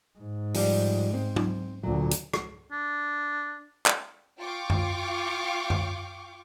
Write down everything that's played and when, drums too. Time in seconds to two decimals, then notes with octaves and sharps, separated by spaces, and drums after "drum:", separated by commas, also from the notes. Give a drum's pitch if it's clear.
0.19 G#2
0.54 F3 G3, drum: open hi-hat
1.14 C4
1.36 drum: tom F#3
1.83 D2 A#2 F#3
2.11 drum: hi-hat
2.34 drum: rim click
2.72 D4
3.86 drum: clap
4.40 F4 F5 G5 C#6 D6
4.70 drum: tom F#2
5.70 drum: tom F#2